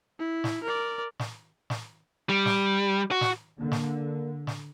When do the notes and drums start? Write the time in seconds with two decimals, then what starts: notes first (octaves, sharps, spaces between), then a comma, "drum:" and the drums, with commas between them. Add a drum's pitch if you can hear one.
0.19 E4
0.44 drum: snare
0.63 A#4 D5
1.20 drum: snare
1.70 drum: snare
2.29 G3
2.46 drum: snare
3.11 F#4
3.21 drum: snare
3.58 D3 A#3
3.72 drum: snare
4.47 drum: snare